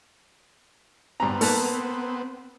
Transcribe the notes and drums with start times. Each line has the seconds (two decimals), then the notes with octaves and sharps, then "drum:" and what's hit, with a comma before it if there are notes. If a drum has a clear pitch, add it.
1.20 G2 B3 C4 A#5
1.41 A#3 A4 B4, drum: open hi-hat